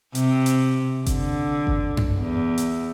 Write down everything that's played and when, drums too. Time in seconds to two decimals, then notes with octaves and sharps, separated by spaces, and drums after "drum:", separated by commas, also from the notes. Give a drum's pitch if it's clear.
0.15 C3, drum: hi-hat
0.46 drum: hi-hat
1.06 D3, drum: kick G1, hi-hat
1.67 drum: kick G1
1.97 drum: tom F#2
2.19 E2
2.58 drum: hi-hat